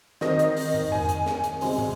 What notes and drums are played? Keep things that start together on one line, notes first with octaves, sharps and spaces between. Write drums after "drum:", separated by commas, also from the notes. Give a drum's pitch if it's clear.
D#3 C4 D#5, drum: snare
drum: hi-hat
drum: open hi-hat
drum: tom
G#5, drum: tom F2
drum: hi-hat
drum: snare
drum: hi-hat
C3 G#3 C4, drum: open hi-hat
drum: tom